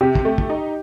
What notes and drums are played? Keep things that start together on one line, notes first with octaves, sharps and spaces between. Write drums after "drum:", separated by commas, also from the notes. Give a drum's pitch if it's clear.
C3 G4
drum: kick
A3
drum: kick
D#4